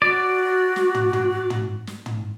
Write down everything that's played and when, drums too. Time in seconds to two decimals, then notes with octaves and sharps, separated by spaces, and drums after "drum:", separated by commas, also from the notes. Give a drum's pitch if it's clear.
0.02 F#4 D5
0.76 drum: snare
0.95 drum: tom
1.13 drum: tom
1.50 drum: tom
1.87 drum: snare
2.06 drum: tom